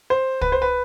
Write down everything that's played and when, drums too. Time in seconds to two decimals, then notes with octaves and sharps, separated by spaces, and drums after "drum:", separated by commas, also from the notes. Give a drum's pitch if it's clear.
0.10 C5
0.41 B4, drum: kick
0.52 C5
0.62 B4